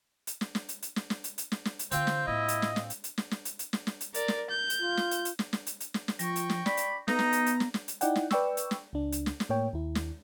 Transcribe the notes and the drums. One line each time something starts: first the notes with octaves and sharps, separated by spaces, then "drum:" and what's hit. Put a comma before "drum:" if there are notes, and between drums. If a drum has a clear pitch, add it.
drum: hi-hat
drum: snare
drum: snare
drum: hi-hat
drum: hi-hat
drum: snare
drum: snare
drum: hi-hat
drum: hi-hat
drum: snare
drum: snare
drum: hi-hat
D3 E3 C4 F4 C5 G5, drum: hi-hat
drum: snare
A2 A#3 E4 D#5
drum: hi-hat
drum: snare
drum: snare
drum: hi-hat
drum: hi-hat
drum: snare
drum: snare
drum: hi-hat
drum: hi-hat
drum: snare
drum: snare
drum: hi-hat
A#4 D5, drum: hi-hat
drum: snare
G6
drum: hi-hat
F4
drum: snare
drum: hi-hat
drum: hi-hat
drum: snare
drum: snare
drum: hi-hat
drum: hi-hat
drum: snare
drum: snare
F3 G5 C#6 A#6, drum: hi-hat
drum: hi-hat
drum: snare
D5 B5, drum: snare
drum: hi-hat
B3 D#4 B4 A#5, drum: snare
drum: snare
drum: hi-hat
drum: hi-hat
drum: snare
drum: snare
drum: hi-hat
D#4 E4 D5 F#5 G5, drum: hi-hat
drum: snare
B4 D5 G5 C#6 E6, drum: snare
drum: hi-hat
drum: snare
C#2 D4
drum: hi-hat
drum: snare
drum: snare
A2 A#3 C#5 G5
D#2 E4
drum: snare